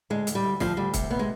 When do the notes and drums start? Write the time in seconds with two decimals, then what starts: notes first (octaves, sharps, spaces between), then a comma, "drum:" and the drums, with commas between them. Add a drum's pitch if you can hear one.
0.10 D2 G#3
0.27 D2, drum: hi-hat
0.35 G3
0.44 D2
0.60 D2 F3, drum: snare
0.77 D2 G3
0.94 C3, drum: kick, hi-hat
1.10 D#2 B3
1.19 G#3